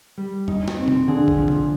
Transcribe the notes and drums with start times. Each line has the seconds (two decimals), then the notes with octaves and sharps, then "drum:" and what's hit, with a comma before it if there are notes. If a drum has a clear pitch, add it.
0.18 G3
0.48 D#4, drum: tom F2
0.68 drum: snare
0.78 C4
0.88 drum: tom B2
1.08 D3 G#4
1.28 drum: kick
1.38 F3
1.48 drum: tom B2